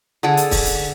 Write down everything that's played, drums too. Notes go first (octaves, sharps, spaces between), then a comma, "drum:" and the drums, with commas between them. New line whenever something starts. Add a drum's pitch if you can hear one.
D3 G#4 A4
drum: hi-hat
drum: kick, open hi-hat
drum: hi-hat